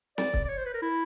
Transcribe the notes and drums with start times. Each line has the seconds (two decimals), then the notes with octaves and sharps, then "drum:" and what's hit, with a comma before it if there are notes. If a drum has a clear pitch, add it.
0.18 D5, drum: snare
0.33 drum: kick
0.45 D5
0.49 C#5
0.58 C5
0.65 B4
0.74 A#4
0.82 E4